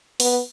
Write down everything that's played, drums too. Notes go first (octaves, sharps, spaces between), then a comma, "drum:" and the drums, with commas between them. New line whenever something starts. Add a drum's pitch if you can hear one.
B3, drum: open hi-hat